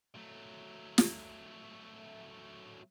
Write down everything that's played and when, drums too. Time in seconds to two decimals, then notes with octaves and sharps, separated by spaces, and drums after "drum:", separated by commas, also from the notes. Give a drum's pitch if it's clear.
0.16 F#3 A3
0.98 drum: snare